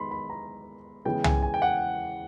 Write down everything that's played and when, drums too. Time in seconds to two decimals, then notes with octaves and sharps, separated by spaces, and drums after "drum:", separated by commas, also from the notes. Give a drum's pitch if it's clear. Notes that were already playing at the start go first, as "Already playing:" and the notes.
Already playing: D#3 G#3 B3 B5 C6
0.11 B5
0.30 A#5
1.05 C#3 E3 G#3 B3 G5
1.24 G#5, drum: tom
1.43 G#5
1.54 G5
1.62 F#5